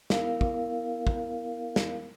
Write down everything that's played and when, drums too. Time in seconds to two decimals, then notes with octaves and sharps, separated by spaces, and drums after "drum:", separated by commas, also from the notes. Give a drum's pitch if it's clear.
0.10 B3 E4 A#4 F5, drum: snare
0.41 drum: kick
1.07 drum: kick
1.76 drum: snare